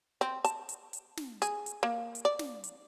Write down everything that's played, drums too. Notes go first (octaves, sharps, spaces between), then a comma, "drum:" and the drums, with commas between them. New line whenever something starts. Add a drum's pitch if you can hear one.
C4
A5, drum: hi-hat
drum: hi-hat
drum: hi-hat
drum: snare
G#4, drum: hi-hat
drum: hi-hat
A#3
drum: hi-hat
D5
drum: snare
drum: hi-hat